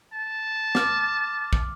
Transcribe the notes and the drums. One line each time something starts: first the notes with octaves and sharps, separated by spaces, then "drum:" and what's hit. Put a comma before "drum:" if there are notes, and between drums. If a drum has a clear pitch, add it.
A5
D6 F6, drum: snare
drum: kick